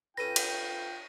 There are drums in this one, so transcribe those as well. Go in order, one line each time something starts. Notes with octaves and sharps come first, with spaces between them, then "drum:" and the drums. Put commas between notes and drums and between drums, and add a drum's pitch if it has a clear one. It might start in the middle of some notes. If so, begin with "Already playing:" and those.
C#4 F4 A4 B4 G5 A#6 D#7
drum: cymbal